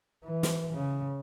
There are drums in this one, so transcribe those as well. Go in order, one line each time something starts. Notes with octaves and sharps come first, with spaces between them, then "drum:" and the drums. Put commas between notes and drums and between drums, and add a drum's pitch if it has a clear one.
E3
drum: snare
C#3